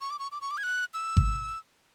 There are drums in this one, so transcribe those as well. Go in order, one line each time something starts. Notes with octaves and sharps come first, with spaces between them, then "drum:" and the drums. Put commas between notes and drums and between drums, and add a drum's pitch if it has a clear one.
C#6
D6
C#6
D6
C#6
D6
G#6
F#6
E6
drum: kick G#1